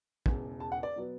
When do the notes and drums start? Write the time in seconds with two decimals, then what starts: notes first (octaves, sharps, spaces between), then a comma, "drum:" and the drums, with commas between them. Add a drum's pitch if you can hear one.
0.26 E1 E2 C#3, drum: kick
0.60 A5
0.72 F#5
0.83 D5
0.96 B2 F#3 B3